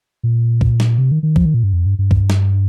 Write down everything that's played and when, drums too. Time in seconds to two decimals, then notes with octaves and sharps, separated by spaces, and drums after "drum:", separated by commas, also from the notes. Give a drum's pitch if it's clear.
0.23 A#2
0.61 drum: kick
0.80 drum: snare
0.98 C3
1.12 D#3
1.23 D#3
1.36 F3, drum: kick
1.45 D#3
1.54 A#2
1.63 G2
1.73 F2
1.86 G2
1.99 G2
2.11 drum: kick
2.30 drum: snare